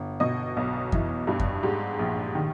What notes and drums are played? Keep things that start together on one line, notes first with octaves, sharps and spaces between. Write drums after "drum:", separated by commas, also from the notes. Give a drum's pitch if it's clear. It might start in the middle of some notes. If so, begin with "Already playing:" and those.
Already playing: G1
B2 D#5
B1
E3, drum: kick F2
G2
drum: kick F2
G#2 G4
A#1
D#3